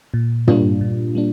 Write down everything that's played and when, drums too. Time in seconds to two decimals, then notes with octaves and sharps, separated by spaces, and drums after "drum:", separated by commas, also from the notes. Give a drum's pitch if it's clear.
0.14 A#2
0.48 G3 A#3 D4 F4, drum: tom
0.81 A#2
1.15 G3 A#3 D4